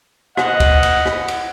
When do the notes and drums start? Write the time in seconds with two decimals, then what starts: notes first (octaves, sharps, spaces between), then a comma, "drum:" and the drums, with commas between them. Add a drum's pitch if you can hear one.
0.37 D#5 F#5, drum: rim click
0.60 drum: kick, cymbal
0.83 drum: cymbal
1.06 drum: rim click
1.28 drum: cymbal